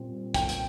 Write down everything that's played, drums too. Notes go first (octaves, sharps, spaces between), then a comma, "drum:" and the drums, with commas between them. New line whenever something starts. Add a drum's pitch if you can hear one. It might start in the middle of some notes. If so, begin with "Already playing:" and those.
Already playing: A#2 G3 C4
G5, drum: kick, hi-hat
drum: hi-hat